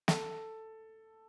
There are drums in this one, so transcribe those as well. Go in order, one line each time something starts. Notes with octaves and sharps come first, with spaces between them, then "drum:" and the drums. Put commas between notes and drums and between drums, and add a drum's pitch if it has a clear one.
A4, drum: snare